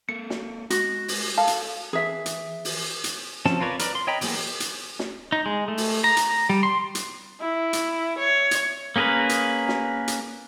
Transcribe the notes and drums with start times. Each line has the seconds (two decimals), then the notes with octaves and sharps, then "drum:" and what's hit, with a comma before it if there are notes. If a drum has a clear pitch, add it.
0.09 A#3 A4 A#4 C#7
0.30 drum: snare
0.70 G#3 F#4, drum: hi-hat
1.08 drum: open hi-hat
1.38 A4 F5 A5
1.47 drum: hi-hat
1.93 E3 G#4 E5
2.26 drum: hi-hat
2.65 drum: open hi-hat
3.04 drum: hi-hat
3.45 F3 C4 C#4 A5, drum: snare
3.60 F4 A#4 B4 C#5 D5
3.79 A#4 B4 D5, drum: hi-hat
3.95 C6
4.07 C#5 D#5 G5 A#5 B5
4.21 E3 F#3 A#3 B3 G#4, drum: open hi-hat
4.60 drum: hi-hat
4.99 drum: snare
5.32 D#4
5.46 G#3
5.68 A3
5.77 drum: open hi-hat
6.04 A#5
6.17 drum: hi-hat
6.50 G3
6.63 C6
6.95 drum: hi-hat
7.41 E4
7.73 drum: hi-hat
8.18 C#5
8.51 drum: hi-hat
8.96 A#3 C#4 G#4 A#4 B4
9.29 drum: hi-hat
9.68 drum: snare
10.08 drum: hi-hat